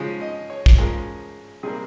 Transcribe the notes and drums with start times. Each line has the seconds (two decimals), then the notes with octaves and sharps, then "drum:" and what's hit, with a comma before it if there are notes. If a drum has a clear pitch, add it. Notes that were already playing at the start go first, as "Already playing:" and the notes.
Already playing: C#3 F3 G#3
0.21 D#5
0.50 C#5
0.66 drum: kick
0.78 C#3 F3 G#3 A#4
1.63 C3 G3 A#3 G#4